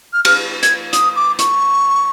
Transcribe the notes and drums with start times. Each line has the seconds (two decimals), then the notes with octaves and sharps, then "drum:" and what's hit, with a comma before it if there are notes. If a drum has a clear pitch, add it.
0.13 F6
0.25 F6, drum: cymbal
0.63 G#6, drum: hi-hat
0.93 D#6, drum: hi-hat
1.16 D6
1.39 C#6, drum: hi-hat